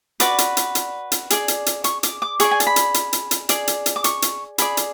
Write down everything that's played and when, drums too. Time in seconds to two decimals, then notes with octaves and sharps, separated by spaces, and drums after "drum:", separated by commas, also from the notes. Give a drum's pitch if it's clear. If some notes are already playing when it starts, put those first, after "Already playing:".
0.20 F#4 B4 D5 D6, drum: hi-hat
0.38 drum: hi-hat
0.57 drum: hi-hat
0.75 drum: hi-hat
1.12 drum: hi-hat
1.30 G#4 D5, drum: hi-hat
1.48 drum: hi-hat
1.66 drum: hi-hat
1.84 C#6, drum: hi-hat
2.03 D6, drum: hi-hat
2.22 D6
2.40 G#4 D5 C#6, drum: hi-hat
2.51 G#5
2.60 A5, drum: hi-hat
2.67 B5
2.76 drum: hi-hat
2.94 drum: hi-hat
3.13 drum: hi-hat
3.31 drum: hi-hat
3.49 G#4 D5, drum: hi-hat
3.67 drum: hi-hat
3.86 drum: hi-hat
3.96 D6
4.04 C#6, drum: hi-hat
4.22 drum: hi-hat
4.58 G#4 D5 B5, drum: hi-hat
4.77 drum: hi-hat